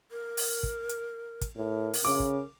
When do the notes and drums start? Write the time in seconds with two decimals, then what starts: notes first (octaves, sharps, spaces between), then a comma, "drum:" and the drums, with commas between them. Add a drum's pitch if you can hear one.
0.11 A#4
0.37 drum: open hi-hat
0.63 drum: kick
0.89 drum: hi-hat
1.41 drum: kick, hi-hat
1.56 A2 A#4
1.93 drum: open hi-hat
2.05 C#3 D6
2.20 drum: kick